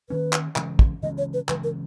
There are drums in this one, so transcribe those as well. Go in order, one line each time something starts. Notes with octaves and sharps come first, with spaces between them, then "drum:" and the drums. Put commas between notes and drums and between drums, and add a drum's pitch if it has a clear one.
D#3 A#3 C#4 B4
drum: clap
C#3 E3 G#3 C#4, drum: clap
drum: kick
C#3 E3 G#3 C#4 D#5
C#5
B4
C#3 E3 G#3 C#4 B4, drum: clap
A#4